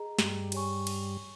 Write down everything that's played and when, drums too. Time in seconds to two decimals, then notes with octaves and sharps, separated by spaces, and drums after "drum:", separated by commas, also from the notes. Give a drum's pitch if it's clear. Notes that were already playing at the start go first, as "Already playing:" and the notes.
Already playing: G#4 D#5 A#5
0.19 G2 G3, drum: snare
0.52 G4 C#5 G#5 C#6, drum: cymbal
0.87 drum: cymbal